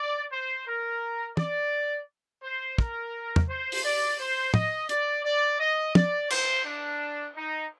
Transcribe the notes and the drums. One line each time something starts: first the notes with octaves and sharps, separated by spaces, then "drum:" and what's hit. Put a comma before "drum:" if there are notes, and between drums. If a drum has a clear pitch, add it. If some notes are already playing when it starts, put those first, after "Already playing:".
Already playing: D5
C5
A#4
D5, drum: tom
C5
A#4, drum: kick
drum: tom
C5
drum: open hi-hat
D5
C5
D#5, drum: tom
D5, drum: hi-hat
D5
D#5
D5, drum: tom
C5, drum: cymbal
D4
D#4